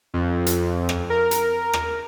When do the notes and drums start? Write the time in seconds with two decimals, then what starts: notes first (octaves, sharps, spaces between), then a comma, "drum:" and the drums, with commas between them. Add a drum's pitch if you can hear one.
0.14 F2
0.46 drum: hi-hat
0.89 drum: rim click
1.10 A#4
1.31 drum: hi-hat
1.73 drum: rim click